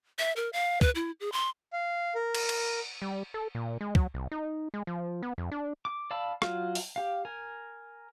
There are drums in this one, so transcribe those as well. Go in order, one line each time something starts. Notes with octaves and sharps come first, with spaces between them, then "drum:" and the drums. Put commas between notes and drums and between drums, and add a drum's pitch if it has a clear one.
E5
A#4
F5
B4, drum: kick
E4
G#4
C6
F5
A#4
drum: cymbal
drum: cymbal
G3
A4
A#2
G#3
F#3, drum: kick
C2
D#4
G#3
F3
B3
F2
D4
D6
D5 F5 A5 B5 E6
F#3 F4 F5, drum: rim click
drum: open hi-hat
G4 F5
A#4 G#5